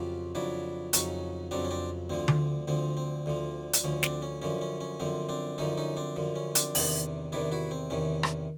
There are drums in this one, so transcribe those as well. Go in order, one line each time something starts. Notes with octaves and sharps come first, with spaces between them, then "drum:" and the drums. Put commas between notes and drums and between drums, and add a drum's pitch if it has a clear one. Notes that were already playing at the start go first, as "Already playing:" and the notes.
Already playing: F2 C#3 F#3 F4 G4
F2 C#3 F#3 D4 E4
F2 C#3 F#3 C#4 D#4, drum: hi-hat
F2 C#3 F#3 C4 D4
C#4
C4 D4
D2 D3 F3 C4
drum: tom D3
D2 D3 F3 C4
C4
D2 D3 F3
drum: hi-hat
D2 D3 F3 C#4
C4 D4, drum: snare
C#4
F#2 D3 F3 C#4
C#4
C#4
F#2 D3 F3 C4
C4 D4
F#2 D3 F3 C#4 D#4
C#4 D#4
C4 D4
F#2 D3 F3
C#4
C4 D4, drum: hi-hat
E2 C3 D#3, drum: open hi-hat
E2 C3 D#3 D4 E4
E4 F#4
C4
E2 C3 D#3 C#4
drum: rim click